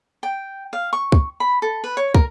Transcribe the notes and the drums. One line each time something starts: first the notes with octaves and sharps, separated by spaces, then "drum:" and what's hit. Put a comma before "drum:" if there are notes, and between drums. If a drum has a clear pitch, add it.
G5
F5
C#6
drum: kick
B5
A4
B4
C#5
A#4, drum: kick